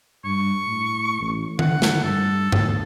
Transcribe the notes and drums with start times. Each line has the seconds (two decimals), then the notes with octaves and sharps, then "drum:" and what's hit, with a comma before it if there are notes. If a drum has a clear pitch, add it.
0.25 G2 C#6
0.67 A2
1.21 A1
1.59 D3 F#5, drum: tom D#3
1.82 drum: snare
2.04 G2 A4
2.52 D2, drum: tom G2